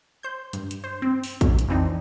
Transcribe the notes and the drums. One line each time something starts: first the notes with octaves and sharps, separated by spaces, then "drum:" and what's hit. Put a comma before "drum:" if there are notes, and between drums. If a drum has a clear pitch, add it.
C5 G6
G2, drum: hi-hat
drum: hi-hat
C5
C4
drum: open hi-hat
drum: kick, hi-hat
drum: hi-hat
F2 E3 C4 D4 D#4